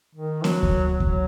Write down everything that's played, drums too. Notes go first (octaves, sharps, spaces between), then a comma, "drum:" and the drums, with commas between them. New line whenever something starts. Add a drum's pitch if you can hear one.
D#3
F#3, drum: snare B3
drum: kick D2
F#3, drum: kick D2